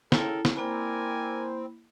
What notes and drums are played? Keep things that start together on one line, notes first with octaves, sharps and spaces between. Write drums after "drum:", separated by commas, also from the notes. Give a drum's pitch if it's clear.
C#3 E4 A4 A#4 G5, drum: snare
drum: snare
A#3 C4 E4 A#4 D5 G#5 B5